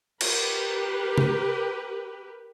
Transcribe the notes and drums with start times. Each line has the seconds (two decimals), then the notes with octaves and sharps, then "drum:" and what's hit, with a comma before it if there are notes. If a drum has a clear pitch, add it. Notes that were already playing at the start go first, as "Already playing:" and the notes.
0.21 G4 A#4 B4, drum: cymbal
1.18 drum: tom C3